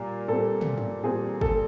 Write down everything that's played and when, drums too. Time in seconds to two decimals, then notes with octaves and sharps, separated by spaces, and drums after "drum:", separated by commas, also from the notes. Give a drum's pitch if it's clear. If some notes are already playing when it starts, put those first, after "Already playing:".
Already playing: A#2 G3 A#3
0.28 A#2 G3 C4 A4
0.61 drum: tom
0.78 drum: tom
1.03 A#2 G3 C4 G#4
1.41 A4, drum: kick